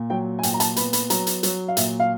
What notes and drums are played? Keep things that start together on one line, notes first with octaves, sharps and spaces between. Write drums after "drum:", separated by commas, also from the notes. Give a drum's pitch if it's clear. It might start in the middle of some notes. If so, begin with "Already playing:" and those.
Already playing: A#2
F#3 G5
G#5
A#2 G5, drum: hi-hat
A#5
A5, drum: hi-hat
B3 B5, drum: hi-hat
B5, drum: hi-hat
F#3 A#5, drum: hi-hat
drum: hi-hat
F#3, drum: hi-hat
F5
A#2 E5, drum: hi-hat
F5